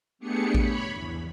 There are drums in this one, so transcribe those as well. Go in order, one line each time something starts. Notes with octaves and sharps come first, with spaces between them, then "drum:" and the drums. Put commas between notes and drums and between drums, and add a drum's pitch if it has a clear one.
A3 B3 D4 G4 G#4 C#7
C#5 B5, drum: kick A1
E2